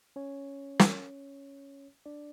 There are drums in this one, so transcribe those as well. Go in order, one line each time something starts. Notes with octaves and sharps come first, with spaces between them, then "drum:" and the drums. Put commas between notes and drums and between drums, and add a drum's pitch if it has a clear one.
C#4 C#5
drum: snare
D4 D5